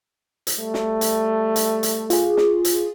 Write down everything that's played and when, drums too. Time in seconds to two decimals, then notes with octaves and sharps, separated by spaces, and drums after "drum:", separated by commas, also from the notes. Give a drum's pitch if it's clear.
0.47 drum: hi-hat
0.56 G3 A3
0.74 drum: snare
1.01 drum: hi-hat
1.56 drum: hi-hat
1.83 drum: hi-hat
2.10 F4 G#4, drum: hi-hat
2.37 drum: snare
2.65 drum: hi-hat